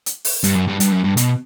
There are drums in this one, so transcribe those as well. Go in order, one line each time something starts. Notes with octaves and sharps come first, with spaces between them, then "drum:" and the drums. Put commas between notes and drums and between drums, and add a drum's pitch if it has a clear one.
drum: hi-hat
drum: open hi-hat
G2, drum: hi-hat
F#2
G2
G2, drum: hi-hat
F#2
G2
B2, drum: hi-hat